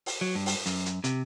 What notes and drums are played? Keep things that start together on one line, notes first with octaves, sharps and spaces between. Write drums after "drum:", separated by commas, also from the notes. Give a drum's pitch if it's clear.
drum: open hi-hat
F#3
G2
drum: open hi-hat
F#2, drum: hi-hat
drum: hi-hat
C3, drum: hi-hat